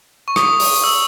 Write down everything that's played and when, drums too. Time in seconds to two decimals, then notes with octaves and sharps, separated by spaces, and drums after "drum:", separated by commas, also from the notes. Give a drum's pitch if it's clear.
0.28 C#6
0.36 D#6, drum: rim click
0.60 drum: open hi-hat
0.84 E6